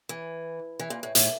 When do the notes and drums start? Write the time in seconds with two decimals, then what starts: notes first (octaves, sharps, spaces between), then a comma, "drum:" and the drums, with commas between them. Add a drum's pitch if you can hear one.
0.09 E3
0.79 E3
0.90 A#2
1.03 A2
1.15 A2, drum: hi-hat